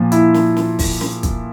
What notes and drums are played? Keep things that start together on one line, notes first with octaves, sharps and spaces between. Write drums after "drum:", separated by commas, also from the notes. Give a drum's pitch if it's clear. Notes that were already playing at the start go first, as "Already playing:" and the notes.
Already playing: A#2 F3
E4, drum: hi-hat
drum: snare
drum: snare
drum: kick, open hi-hat
drum: snare
drum: kick, hi-hat